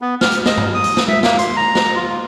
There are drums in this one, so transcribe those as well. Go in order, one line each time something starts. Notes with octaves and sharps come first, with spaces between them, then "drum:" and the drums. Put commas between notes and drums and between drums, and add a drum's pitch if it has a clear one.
B3
F6, drum: snare
drum: hi-hat
D#5, drum: snare
drum: tom G2
D#6
drum: hi-hat
drum: snare
E5, drum: tom G#3
A#3, drum: snare
C6, drum: hi-hat
A#5
drum: snare
F4